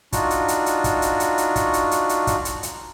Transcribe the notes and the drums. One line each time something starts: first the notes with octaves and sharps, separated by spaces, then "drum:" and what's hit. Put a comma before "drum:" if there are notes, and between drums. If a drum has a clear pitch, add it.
D4 D#4 F4 F#4, drum: kick, hi-hat
drum: hi-hat
drum: hi-hat
drum: hi-hat
drum: kick, hi-hat
drum: hi-hat
drum: hi-hat
drum: hi-hat
drum: kick, hi-hat
drum: hi-hat
drum: hi-hat
drum: hi-hat
drum: kick, hi-hat
drum: hi-hat
drum: hi-hat